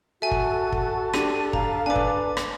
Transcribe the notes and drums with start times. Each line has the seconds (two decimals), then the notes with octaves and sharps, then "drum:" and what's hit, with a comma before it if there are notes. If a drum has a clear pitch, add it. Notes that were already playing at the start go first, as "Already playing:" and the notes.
0.22 F#4 A4 E5 G#5
0.31 drum: kick
0.72 drum: kick
1.14 D4 G4 D#7, drum: rim click
1.53 F5 A#5, drum: kick
1.86 D4 B4 D5 G#5 D6
1.96 drum: kick
2.37 drum: rim click